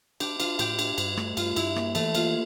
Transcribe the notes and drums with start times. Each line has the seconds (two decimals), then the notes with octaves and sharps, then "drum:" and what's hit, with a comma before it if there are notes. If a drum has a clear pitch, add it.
0.20 D4 G4, drum: cymbal
0.40 D4 F4, drum: cymbal
0.59 A2 G4, drum: cymbal
0.79 D4, drum: cymbal
0.98 G2, drum: cymbal
1.17 A3, drum: rim click
1.37 G2 F4, drum: cymbal
1.56 G2 E4, drum: cymbal
1.76 A#3, drum: rim click
1.95 E3 A3, drum: cymbal
2.15 A#3 F4, drum: cymbal